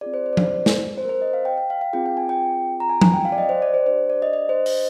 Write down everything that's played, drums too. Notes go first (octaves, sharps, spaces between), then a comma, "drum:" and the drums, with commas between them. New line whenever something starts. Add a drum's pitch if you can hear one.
C4 F4 G#4 D5
C5
C5
D5
C5, drum: tom F3
drum: snare
C5
A#4
C5
D#5
F5
G5
G5
F5
F5
C4 F4 G#4 G5
G5
G#5
G5
A#5
G#5
G#5, drum: tom F3
G5
F5
D5
D#5
C5
D5
C5
D4 G4 C5
D5
D#5
D#5
C5
D#5, drum: open hi-hat